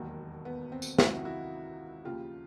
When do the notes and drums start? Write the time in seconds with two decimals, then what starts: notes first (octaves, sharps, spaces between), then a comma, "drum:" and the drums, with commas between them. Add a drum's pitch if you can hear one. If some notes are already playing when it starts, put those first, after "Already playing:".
Already playing: E1 D#2 D#3 F#3
0.45 B3
0.72 C4
0.82 drum: tambourine
0.98 C#2 C3 D#3 F#3 E4 F#4, drum: snare
1.25 E4 F#4
2.05 D#2 C#3 F3 F4 G4